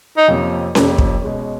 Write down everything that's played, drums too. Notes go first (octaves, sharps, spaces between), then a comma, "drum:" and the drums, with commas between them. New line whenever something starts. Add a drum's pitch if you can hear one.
D#4
F2 C3 F3 A#3 C#4
F2 C3 F3 A#3 C#4, drum: snare C#4
drum: kick
B2 G#3 C#4